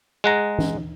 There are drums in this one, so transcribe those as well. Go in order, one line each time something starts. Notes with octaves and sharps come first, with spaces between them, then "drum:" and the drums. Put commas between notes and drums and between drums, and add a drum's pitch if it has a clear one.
G#3 F#5 A#5
drum: tom